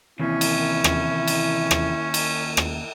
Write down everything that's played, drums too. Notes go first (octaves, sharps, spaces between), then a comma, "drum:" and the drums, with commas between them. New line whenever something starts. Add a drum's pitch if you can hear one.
D#2 C3 E3 C#4 E4
drum: cymbal
drum: rim click
drum: cymbal
drum: rim click
drum: cymbal
drum: rim click